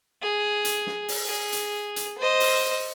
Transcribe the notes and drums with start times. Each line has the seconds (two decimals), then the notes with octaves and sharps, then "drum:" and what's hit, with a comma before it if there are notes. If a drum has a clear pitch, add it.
0.22 G#4
0.65 drum: hi-hat
0.87 drum: snare
1.08 drum: open hi-hat
1.26 G#4
1.52 drum: hi-hat
1.96 drum: hi-hat
2.18 C5 D#5
2.40 drum: open hi-hat